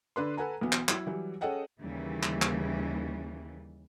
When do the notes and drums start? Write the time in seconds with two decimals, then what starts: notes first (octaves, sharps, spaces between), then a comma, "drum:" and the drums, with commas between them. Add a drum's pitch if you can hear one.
0.16 D3 D4 B4 C6
0.37 A4 B4 F#5 G#5 A#5
0.61 B1 E3 B3
0.72 drum: clap
0.89 F#3 E4, drum: clap
1.07 E3 F#3 G3
1.41 C#4 G#4 A4 D#5 F#5 G5
1.81 D#2 C#3 E3 G3
2.23 drum: clap
2.42 drum: clap